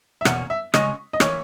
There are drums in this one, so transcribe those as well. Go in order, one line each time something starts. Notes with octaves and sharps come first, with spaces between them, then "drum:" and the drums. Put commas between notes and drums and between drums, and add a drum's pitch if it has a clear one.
E5
E2 B2 A#3 C#4 F#5, drum: rim click
E5
C#3 G#3 C#4 F#4 D#5, drum: rim click
D#5
E3 A#3 C#5, drum: rim click